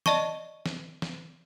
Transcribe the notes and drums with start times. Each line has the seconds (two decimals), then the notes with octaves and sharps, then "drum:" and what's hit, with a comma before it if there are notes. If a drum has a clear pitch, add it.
0.06 D5 D#5 A5 C#6, drum: snare
0.66 drum: snare
1.02 drum: snare